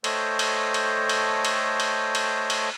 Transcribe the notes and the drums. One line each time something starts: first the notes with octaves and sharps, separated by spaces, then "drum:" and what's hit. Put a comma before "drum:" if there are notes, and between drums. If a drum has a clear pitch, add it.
A3 A4 C5 C#5 D#5 G5, drum: cymbal
drum: cymbal
drum: cymbal
drum: cymbal
drum: cymbal
drum: cymbal
drum: cymbal
drum: cymbal